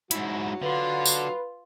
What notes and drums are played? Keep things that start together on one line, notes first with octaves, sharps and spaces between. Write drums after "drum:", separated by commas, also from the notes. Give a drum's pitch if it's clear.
G#2 F#3 E4 F#4, drum: hi-hat
D3 F4 B4
drum: tambourine